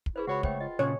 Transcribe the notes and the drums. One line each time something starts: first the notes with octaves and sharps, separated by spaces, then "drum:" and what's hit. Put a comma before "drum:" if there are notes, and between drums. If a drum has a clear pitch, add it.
drum: kick
E4 G#4 B4 C5
C#2 F#4 C#5 F#5 B5
A3 C5 G5, drum: kick
F4 D#5
A#2 C#3 C#4 C#5